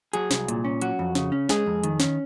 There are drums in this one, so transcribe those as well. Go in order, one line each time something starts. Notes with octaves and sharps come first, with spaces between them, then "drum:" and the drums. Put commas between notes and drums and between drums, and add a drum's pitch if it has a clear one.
F#3 G#4, drum: hi-hat
C2, drum: snare
A#2, drum: hi-hat
C#4
F#3 F#4, drum: hi-hat
F2
C#3, drum: snare
C#4
G#3 G#4, drum: snare
F2
D#3, drum: hi-hat
C#4, drum: snare